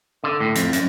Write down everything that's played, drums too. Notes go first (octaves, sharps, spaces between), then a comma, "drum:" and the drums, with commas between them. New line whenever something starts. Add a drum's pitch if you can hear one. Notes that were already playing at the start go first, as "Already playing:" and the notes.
D3
A2
F2, drum: hi-hat
F#2, drum: hi-hat